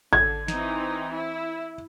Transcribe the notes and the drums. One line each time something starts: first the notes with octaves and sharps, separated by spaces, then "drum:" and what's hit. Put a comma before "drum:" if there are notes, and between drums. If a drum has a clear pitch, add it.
D3 G#6, drum: kick G#1
E3 C4 D#4, drum: snare
E4